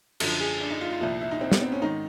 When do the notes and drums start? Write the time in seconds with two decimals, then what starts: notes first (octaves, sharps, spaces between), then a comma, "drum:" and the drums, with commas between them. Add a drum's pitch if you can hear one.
0.20 F#2 D3 F3 A4, drum: cymbal
0.40 G#4
0.60 D4
0.71 D#4
0.81 F4
0.91 F4
1.01 C2 A#2 F3 E4
1.21 E4
1.31 D#4
1.41 C4
1.52 B3, drum: snare
1.61 C4
1.72 C#4
1.82 G#2 D#3 D#4